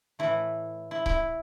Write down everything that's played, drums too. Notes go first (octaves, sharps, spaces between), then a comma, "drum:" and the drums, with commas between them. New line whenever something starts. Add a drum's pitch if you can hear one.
A2 E3 A3 E4
E4
E4, drum: kick C#1